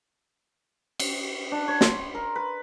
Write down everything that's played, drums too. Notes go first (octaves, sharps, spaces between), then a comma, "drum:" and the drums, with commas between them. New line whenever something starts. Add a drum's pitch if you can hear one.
drum: cymbal
D4
C#5
C6, drum: snare
A#4
B4